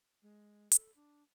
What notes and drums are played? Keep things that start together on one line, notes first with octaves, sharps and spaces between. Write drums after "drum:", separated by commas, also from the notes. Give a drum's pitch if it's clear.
G#3
A4, drum: hi-hat
D4